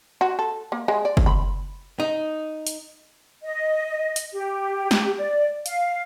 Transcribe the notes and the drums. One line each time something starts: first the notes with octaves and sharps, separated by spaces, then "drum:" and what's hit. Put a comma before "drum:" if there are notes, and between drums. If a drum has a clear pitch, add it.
F#4
A4
A#3
G#3
D5
drum: kick
B5
D#4
drum: hi-hat
D#5
drum: hi-hat
G4
drum: snare
D5
F5, drum: hi-hat